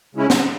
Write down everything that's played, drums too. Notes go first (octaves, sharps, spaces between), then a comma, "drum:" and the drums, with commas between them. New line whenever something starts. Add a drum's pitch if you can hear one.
C#3 G#3 C#4 E4
drum: snare